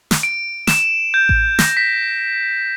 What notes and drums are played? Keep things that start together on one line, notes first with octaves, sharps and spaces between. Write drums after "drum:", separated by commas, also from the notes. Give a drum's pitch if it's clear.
drum: snare
D7
E7, drum: snare
G6
drum: kick A1
A#6, drum: snare
B6